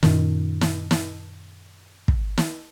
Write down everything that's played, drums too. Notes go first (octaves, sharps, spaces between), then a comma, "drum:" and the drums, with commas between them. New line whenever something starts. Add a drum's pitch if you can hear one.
F#2 A#2 D#3, drum: snare
drum: snare
drum: snare
drum: kick
drum: snare